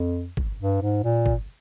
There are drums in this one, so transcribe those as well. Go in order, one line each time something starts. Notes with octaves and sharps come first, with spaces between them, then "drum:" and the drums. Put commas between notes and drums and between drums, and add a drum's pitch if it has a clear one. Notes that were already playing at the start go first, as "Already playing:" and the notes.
Already playing: F2
drum: kick
G2
G#2
A#2
drum: kick